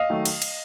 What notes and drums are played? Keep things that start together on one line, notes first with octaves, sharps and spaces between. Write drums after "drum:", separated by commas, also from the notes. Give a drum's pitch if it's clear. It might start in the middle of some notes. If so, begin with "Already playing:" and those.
Already playing: D#5 F5
D#3 F#3 A3
drum: cymbal
drum: cymbal